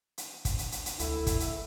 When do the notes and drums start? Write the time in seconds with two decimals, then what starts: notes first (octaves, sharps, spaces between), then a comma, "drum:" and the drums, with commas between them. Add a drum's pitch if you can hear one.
0.18 drum: hi-hat
0.45 drum: kick, hi-hat
0.58 drum: hi-hat
0.72 drum: hi-hat
0.86 drum: hi-hat
0.99 D2 E4 A4, drum: hi-hat
1.27 drum: kick, hi-hat
1.40 drum: hi-hat